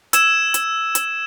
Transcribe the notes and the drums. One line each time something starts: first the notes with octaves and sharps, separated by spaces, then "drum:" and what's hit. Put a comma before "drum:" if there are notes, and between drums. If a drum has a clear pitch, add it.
E6 G#6 E7, drum: hi-hat
drum: hi-hat
drum: hi-hat